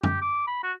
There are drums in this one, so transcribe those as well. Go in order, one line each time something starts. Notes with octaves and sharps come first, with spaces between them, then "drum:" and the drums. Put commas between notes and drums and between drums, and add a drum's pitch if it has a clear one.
G4, drum: tom F#2
D6
B5
F#4